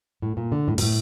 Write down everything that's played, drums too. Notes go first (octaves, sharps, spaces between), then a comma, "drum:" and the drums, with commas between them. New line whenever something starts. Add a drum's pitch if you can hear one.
A2
A#2
D3
A2
A#2, drum: open hi-hat
A2